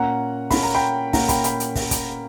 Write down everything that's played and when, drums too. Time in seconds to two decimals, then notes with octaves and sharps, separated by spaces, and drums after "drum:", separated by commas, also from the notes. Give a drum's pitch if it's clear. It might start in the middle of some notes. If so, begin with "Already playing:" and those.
Already playing: A#2 A#3 C#4 F#5 A#5
0.50 A#2 A#3 C#4 B5, drum: kick, open hi-hat
0.63 A#5
0.74 G5 B5
1.13 A#2 A#3 C#4 F#5 A#5, drum: kick, open hi-hat
1.29 G5 B5, drum: kick, hi-hat
1.44 G5 B5, drum: hi-hat
1.60 drum: hi-hat
1.75 drum: kick, open hi-hat
1.91 drum: kick, hi-hat